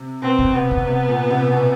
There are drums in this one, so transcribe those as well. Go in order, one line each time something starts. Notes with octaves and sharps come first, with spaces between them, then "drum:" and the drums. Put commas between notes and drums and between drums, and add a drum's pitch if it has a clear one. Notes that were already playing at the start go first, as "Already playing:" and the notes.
Already playing: C3
B2 C4
drum: kick
C3 B3
drum: kick
C3
A#2
C3
B2